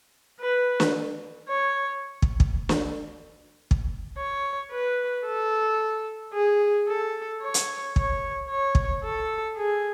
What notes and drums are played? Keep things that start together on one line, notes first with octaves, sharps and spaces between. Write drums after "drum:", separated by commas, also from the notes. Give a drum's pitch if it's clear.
B4
drum: snare
C#5
drum: kick
drum: kick
drum: snare
drum: kick
C#5
B4
A4
G#4
A4
C#5
drum: hi-hat
C#5, drum: kick
C#5
drum: kick
A4
G#4